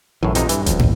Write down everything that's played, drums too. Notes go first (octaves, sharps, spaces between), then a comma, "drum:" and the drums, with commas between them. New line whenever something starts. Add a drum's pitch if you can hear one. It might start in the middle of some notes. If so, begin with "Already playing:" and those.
A#1 F#2 A2 E3
F2 C3 D#4, drum: hi-hat
G2 E3, drum: hi-hat
D#1 C#2 F3, drum: kick E1, hi-hat
A#1 D#2, drum: tom